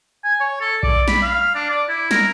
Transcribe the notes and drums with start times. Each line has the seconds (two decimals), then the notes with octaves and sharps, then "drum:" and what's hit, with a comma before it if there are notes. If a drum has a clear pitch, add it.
0.24 G#5
0.40 C#5
0.61 A4
0.83 D5, drum: kick B1
1.08 B5, drum: snare
1.22 F5
1.55 D4
1.70 D5
1.89 E4
2.11 A#4, drum: snare